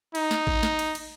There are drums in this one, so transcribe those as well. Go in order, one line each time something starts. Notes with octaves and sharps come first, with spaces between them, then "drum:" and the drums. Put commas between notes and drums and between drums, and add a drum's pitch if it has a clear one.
D#4, drum: cymbal
drum: snare
drum: kick A1
drum: snare
drum: cymbal
drum: cymbal